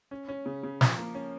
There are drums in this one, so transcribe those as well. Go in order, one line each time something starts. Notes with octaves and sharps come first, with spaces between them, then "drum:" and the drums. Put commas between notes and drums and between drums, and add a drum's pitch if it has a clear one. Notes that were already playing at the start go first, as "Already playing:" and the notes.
C#4
C#4
C#3
C#3
F3, drum: snare
A#3
C#4